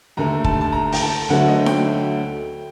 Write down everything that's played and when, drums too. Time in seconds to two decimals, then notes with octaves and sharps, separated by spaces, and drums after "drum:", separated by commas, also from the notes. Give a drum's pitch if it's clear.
0.17 D#2 D3 A3 A#5
0.44 A5, drum: kick
0.61 A5
0.72 A#5
0.92 G5, drum: open hi-hat
1.01 A5
1.29 D2 D3 F#3 A3 F#5
1.48 D#5
1.66 G5, drum: snare D#4